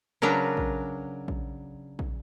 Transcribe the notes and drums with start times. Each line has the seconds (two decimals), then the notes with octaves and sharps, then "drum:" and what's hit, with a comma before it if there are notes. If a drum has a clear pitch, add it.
0.22 C#3 F#3 D4 A#4 B4
0.57 drum: kick A#1
1.28 drum: kick A#1
1.99 drum: kick A#1